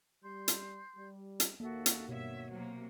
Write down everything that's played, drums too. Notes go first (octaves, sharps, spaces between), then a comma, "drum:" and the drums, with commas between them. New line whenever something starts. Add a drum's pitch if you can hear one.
G3 C6 G6
drum: hi-hat
G3
drum: hi-hat
D#2 A#3 F#4 A4 E5
drum: hi-hat
G2 B2 C#5 E5 F#5
C3 F#3 A#3